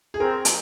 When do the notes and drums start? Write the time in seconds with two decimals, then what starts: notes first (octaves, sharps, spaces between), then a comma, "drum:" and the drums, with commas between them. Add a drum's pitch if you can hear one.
0.14 G#4
0.20 C4 A#4
0.45 drum: hi-hat